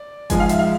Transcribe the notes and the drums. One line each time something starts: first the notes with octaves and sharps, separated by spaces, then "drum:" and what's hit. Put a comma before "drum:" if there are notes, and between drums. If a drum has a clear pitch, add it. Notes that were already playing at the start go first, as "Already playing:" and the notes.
Already playing: D5
G#2 F3 G#3 G#5, drum: kick G1, hi-hat
F5
E5, drum: hi-hat
F5